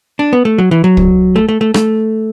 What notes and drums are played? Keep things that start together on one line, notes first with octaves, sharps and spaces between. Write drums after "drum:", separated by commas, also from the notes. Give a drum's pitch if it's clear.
D4
B3
A3
F#3
E3
F#3
drum: kick
A3
A3
A3
A3, drum: rim click